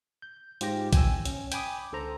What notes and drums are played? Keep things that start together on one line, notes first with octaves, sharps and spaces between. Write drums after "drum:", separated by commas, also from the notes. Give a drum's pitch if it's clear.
G6
G#2 F4 G4 G5 A#6, drum: hi-hat
G5 G#5 E6, drum: kick A#1, hi-hat
C#4, drum: hi-hat
G5 G#5 B5 D6 D#6, drum: hi-hat
C#2 D3 A4 C5 A#5